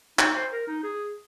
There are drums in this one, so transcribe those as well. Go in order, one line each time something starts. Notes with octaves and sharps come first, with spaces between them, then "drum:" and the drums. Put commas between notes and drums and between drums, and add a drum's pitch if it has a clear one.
D#4, drum: clap
C5
A#4
D#4
G#4